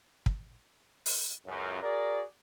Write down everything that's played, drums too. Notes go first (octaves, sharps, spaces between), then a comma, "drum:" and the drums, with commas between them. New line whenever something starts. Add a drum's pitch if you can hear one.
drum: kick
drum: open hi-hat
C#2 F#2
F#4 G#4 A#4 D5